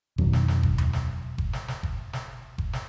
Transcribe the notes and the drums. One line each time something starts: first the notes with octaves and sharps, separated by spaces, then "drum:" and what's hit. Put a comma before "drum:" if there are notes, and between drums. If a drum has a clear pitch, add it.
F2 B2 D#3 F#3, drum: kick F#1
drum: snare
drum: snare
drum: kick F#1
drum: tom D#2
drum: snare
drum: kick F#1
drum: snare
drum: snare
drum: kick F#1
drum: snare
drum: kick F#1
drum: snare